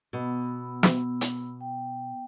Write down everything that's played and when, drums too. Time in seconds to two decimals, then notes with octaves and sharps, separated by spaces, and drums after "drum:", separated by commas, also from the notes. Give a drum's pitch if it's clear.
0.13 B2 B3 B5 E6
0.83 drum: snare
1.21 drum: hi-hat
1.61 G5